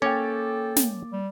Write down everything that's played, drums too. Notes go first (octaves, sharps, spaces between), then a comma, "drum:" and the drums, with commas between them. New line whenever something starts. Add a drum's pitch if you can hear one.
A#3 C#4 A4 C#5 G5 D6 A6
drum: snare
G3